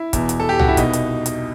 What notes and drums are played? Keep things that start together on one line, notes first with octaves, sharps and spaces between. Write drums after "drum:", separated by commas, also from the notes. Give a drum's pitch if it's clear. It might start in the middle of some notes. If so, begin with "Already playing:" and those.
Already playing: E4
E2 B2, drum: kick, hi-hat
drum: hi-hat
A4
G4
F#4, drum: tom C2
E4
C2 B2 D#4, drum: kick, hi-hat
drum: hi-hat
drum: hi-hat